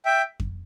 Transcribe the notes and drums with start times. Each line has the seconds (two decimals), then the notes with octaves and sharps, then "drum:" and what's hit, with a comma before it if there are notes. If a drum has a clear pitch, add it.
0.05 E5 G5
0.40 drum: kick F2